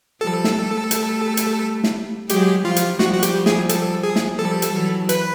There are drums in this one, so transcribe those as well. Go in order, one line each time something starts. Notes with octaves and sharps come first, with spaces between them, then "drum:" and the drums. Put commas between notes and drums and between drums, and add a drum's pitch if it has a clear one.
F3 G3 A4
drum: snare
G3 A3
drum: hi-hat
drum: hi-hat
drum: snare
F#3 G#3 G4, drum: hi-hat
F3 G3 F4
drum: hi-hat
F3 G3 F#4, drum: snare
F#4
G4, drum: hi-hat
G#4, drum: snare
A4, drum: hi-hat
G#4
drum: snare
F3 G3 A4
drum: hi-hat
E3 F#3
B4, drum: hi-hat